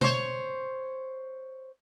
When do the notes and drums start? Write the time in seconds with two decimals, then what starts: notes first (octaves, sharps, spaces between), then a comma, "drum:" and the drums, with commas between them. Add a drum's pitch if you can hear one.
0.01 C5 C#5, drum: tom B2